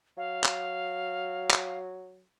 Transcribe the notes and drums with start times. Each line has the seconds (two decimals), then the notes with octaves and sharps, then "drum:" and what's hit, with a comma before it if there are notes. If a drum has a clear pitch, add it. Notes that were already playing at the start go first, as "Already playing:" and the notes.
0.17 F#3 F5
0.44 drum: clap
1.50 drum: clap